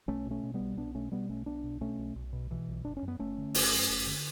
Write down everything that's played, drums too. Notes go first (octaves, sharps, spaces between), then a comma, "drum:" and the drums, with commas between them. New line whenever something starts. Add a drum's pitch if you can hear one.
B1 A3 C#4
B2
A3 C#4
B2
G3 B3
B1
B1 B3 D4
B2 A3 C#4
B2 G3 B3
B1 A3 C#4
B1 B3 D4
B2
B2 A3 C#4
B1
B1
B2
B2 E3
B1
F#1 D4
C#4
F#2
B3
F#1 A3 C#4
D3
F#1, drum: open hi-hat
F#2
F#1
D3